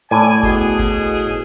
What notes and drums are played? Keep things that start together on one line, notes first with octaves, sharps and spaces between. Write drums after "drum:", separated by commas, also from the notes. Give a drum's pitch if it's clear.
A2 D5 G#5
B2 G#4, drum: kick G1, cymbal
drum: kick G1, cymbal
drum: cymbal